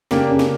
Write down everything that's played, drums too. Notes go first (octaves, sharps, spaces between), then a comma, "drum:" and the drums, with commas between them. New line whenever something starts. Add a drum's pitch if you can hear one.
C#3 A#3 D4 G4, drum: snare
C#3
drum: snare